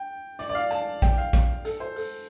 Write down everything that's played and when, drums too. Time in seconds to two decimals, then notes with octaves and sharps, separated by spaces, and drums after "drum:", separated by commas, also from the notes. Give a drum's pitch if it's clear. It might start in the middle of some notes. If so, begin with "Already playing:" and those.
Already playing: G5
0.39 D5, drum: hi-hat
0.49 D5
0.55 F5
0.71 A5, drum: hi-hat
1.02 G5, drum: kick, hi-hat
1.18 F5
1.33 drum: kick, hi-hat
1.65 A4, drum: hi-hat
1.80 C5
1.96 A4, drum: open hi-hat